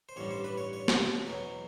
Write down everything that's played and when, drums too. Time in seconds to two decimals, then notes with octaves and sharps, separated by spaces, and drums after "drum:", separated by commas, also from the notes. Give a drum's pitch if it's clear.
0.09 C5
0.16 A1 G2 D3 G3 C#5
0.31 C5
0.44 B4
0.58 C#5
0.73 C#5
0.88 drum: snare
1.26 E2 B2 F#3